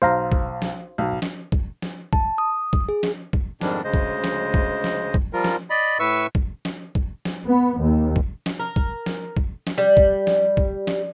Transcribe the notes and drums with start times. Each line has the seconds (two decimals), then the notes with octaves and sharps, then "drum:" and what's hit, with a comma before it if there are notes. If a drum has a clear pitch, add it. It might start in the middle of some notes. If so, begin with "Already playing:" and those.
0.02 B1 C5 F5 A#5
0.32 drum: kick
0.62 drum: snare
0.98 B1
1.22 drum: snare
1.52 drum: kick
1.82 drum: snare
2.13 A5, drum: kick
2.38 D#6
2.73 drum: kick
2.89 G#4
3.03 drum: snare
3.33 drum: kick
3.61 F2 G#2 D#3 G3 D4, drum: snare
3.84 D2 C#3 G#3 C5 D#5
3.94 drum: kick
4.24 drum: snare
4.54 drum: kick
4.84 drum: snare
5.14 drum: kick
5.33 F3 G3 F4 A#4
5.44 drum: snare
5.70 D5 D#5 B5
5.99 A2 B4 E5 C#6 E6
6.35 drum: kick
6.65 drum: snare
6.95 drum: kick
7.25 drum: snare
7.47 B3
7.81 D#2
8.16 drum: kick
8.46 drum: snare
8.60 A#4
8.76 drum: kick
9.06 drum: snare
9.37 drum: kick
9.67 drum: snare
9.78 G3
9.97 drum: kick
10.27 drum: snare
10.57 drum: kick
10.87 drum: snare